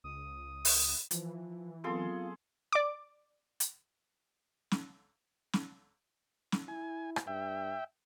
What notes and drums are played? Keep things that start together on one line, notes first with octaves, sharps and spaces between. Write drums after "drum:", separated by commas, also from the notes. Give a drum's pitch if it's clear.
C#2 D#6
drum: open hi-hat
E3 F3, drum: hi-hat
F#3 B3 C4 F4 G#4 A4 C6
D5 D6
drum: hi-hat
drum: snare
drum: snare
drum: snare
E4 G#5
drum: rim click
G2 E5 G5